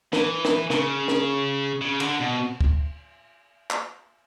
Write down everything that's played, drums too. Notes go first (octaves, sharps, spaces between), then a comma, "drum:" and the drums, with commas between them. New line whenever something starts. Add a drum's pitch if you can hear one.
E3, drum: snare
drum: snare
C#3, drum: snare
drum: snare
C#3
D3, drum: cymbal
B2
drum: kick
drum: clap